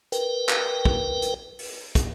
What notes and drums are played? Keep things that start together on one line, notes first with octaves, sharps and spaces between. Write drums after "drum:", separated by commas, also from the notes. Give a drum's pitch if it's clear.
A#4 B4 G5, drum: hi-hat
drum: clap
drum: kick
drum: hi-hat
drum: open hi-hat
drum: kick, hi-hat